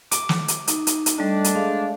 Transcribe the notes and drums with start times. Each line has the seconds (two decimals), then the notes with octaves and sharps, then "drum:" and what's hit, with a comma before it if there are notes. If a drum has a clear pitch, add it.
0.11 D6, drum: hi-hat
0.29 drum: snare
0.48 drum: hi-hat
0.67 D#4, drum: hi-hat
0.87 drum: hi-hat
1.06 drum: hi-hat
1.18 G3 A3 D4 D#5
1.44 drum: hi-hat
1.55 G#3 F5